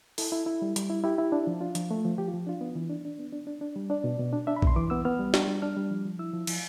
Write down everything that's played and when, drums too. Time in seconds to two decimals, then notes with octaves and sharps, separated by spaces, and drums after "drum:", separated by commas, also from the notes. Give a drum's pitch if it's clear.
0.18 E4 A4, drum: open hi-hat
0.32 E4
0.46 E4
0.62 G3
0.76 G3, drum: hi-hat
0.90 E4
1.04 E4 G4
1.18 E4
1.32 D4
1.47 F3
1.61 D4 F4
1.75 F3, drum: hi-hat
1.91 A3
2.05 F3
2.18 F3 G4
2.28 F4
2.33 F3
2.47 D4 F4
2.61 B3
2.76 E3
2.90 D4
3.05 D4
3.19 B3
3.32 D4
3.47 D4
3.61 D4
3.76 G3
3.90 D4 D5
4.04 B2
4.19 B2
4.33 D4
4.47 D4 E5
4.56 B5
4.62 B2 C6, drum: kick A#1
4.76 E3 D6
4.90 B3 E6
5.05 B3 F6
5.19 G3
5.34 D4, drum: snare
5.47 G3
5.62 D4 F6
5.77 G3
5.91 F3
6.05 F3
6.19 E4 E6
6.33 F3
6.47 F3, drum: cymbal